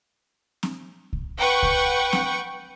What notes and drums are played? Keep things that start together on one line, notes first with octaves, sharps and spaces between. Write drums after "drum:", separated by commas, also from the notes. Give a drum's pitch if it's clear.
drum: snare C4
drum: kick C2
B4 F#5 G5 C#6
drum: kick C2
drum: snare C4